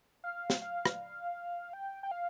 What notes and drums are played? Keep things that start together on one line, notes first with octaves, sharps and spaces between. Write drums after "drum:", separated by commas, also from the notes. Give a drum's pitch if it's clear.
F5
drum: snare
F5
drum: rim click
G5
G5
F5